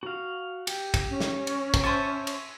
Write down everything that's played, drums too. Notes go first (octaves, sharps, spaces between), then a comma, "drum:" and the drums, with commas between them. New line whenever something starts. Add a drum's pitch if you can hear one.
F#4 F5
G4, drum: cymbal
drum: kick, cymbal
C#4
drum: snare
drum: cymbal
drum: kick, cymbal
C5 C#5 E5 G#5 A5 C#6
drum: cymbal